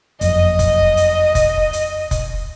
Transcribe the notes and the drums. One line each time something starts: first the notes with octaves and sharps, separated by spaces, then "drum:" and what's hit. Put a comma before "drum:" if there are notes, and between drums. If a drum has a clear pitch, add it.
F#1 F2 D#5, drum: hi-hat
drum: kick F1, hi-hat
drum: hi-hat
drum: kick F1, hi-hat
drum: hi-hat
drum: kick F1, hi-hat